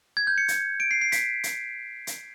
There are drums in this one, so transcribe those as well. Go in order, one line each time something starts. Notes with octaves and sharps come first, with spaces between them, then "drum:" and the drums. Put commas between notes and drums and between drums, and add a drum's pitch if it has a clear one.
G#6
G6
C#7
drum: hi-hat
D7
C7
C7
B6, drum: hi-hat
drum: hi-hat
drum: hi-hat